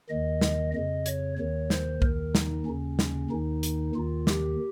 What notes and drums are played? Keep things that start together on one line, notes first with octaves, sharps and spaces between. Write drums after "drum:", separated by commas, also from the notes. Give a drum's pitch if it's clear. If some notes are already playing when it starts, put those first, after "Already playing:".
D#2 D#3 D#5
drum: snare
F2 C#3 D#5
C#5, drum: hi-hat
D#2 D#3 C#5
C5, drum: snare
D#2 D#3 A#4, drum: kick B1
D#4, drum: snare
D#2 C#3 C#4
drum: snare
D#2 D#3 D#4
drum: hi-hat
D#2 D#3 F4
G4, drum: snare